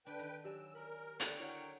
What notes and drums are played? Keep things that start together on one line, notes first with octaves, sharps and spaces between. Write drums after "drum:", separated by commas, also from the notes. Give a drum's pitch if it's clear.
D3 D4 B4 G5
D#3
F#3 G4 D5 G#5 E6
A#4 B5
G2 D3 F#4 A4 G5, drum: hi-hat
F#3 E4 A#4 C#5 F#5